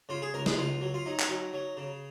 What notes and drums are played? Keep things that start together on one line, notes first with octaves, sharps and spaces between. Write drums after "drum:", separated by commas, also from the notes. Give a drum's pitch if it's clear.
C#3 F4
G#4
C#2 A#4
G#4, drum: snare
C#2 F4
F#3
F4
F#3 D#4
drum: clap
F#3
F#3
C#3